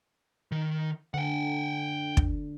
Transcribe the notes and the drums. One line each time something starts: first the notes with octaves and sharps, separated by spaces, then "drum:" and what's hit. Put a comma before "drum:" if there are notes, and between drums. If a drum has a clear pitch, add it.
D#3
D3 F#5 G5
drum: kick